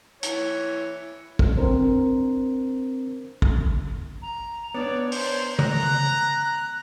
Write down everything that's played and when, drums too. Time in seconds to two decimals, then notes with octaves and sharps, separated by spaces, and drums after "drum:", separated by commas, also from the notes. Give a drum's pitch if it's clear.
0.23 E3 C#5, drum: hi-hat
1.39 drum: kick
1.57 C4 D4 A#4 C5
3.42 drum: kick
4.22 A#5
4.74 B3 D4 C#5 D5
5.12 C5, drum: open hi-hat
5.59 A#5 F#6, drum: tom C#3